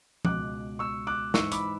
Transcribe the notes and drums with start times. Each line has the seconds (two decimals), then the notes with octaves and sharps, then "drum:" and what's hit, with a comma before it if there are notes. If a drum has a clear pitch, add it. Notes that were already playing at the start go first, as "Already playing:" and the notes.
0.25 C#2 B2 D6 F#6, drum: tom F3
0.79 C#6 E6
1.07 D6 F#6
1.34 G#2 E3 C#6 E6, drum: snare
1.52 B5 D6, drum: hi-hat